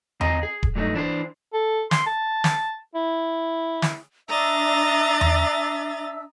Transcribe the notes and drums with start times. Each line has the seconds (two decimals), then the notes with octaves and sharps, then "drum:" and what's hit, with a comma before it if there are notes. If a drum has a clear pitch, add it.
0.21 C4 D#5 F5 G#5 A#5, drum: tom E2
0.43 G#4
0.63 drum: kick D#1
0.76 G2 F#3 A3 C4 D#4
0.94 E3 D4 A#4 C5
1.53 A4
1.91 C6, drum: snare
2.06 A5
2.44 drum: snare
2.95 E4
3.82 drum: snare
4.29 D4 D#5 E5 A#5 E6 A6
5.21 drum: tom E2